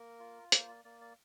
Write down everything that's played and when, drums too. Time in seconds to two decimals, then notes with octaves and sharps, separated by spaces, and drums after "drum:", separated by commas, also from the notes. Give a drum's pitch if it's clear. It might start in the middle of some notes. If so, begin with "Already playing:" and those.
Already playing: A#3 A#4
0.20 F4
0.52 A#3 C5, drum: hi-hat
0.68 D5
0.85 A#3 D5
1.01 D5